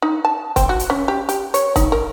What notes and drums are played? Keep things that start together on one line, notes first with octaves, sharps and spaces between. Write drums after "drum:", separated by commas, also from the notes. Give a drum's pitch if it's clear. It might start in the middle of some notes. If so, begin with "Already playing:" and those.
D#4
A5
C4, drum: kick, hi-hat
F#4
drum: hi-hat
C#4
G4
G4, drum: hi-hat
C#5, drum: hi-hat
D#4, drum: kick, hi-hat
A#4